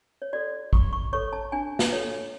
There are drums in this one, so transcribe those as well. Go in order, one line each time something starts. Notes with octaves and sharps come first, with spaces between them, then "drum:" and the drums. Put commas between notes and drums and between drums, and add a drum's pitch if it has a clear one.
C#5
F#4 A4 D5
F#4 C#6, drum: kick A1
C#6
A4 C#5 C#6
A5
D4 G#5
drum: snare
A4 C#5